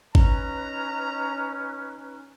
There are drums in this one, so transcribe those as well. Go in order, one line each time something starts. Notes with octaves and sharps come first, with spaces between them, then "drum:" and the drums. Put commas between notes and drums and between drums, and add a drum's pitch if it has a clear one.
C#4 D#4 B4 A#5, drum: kick G#1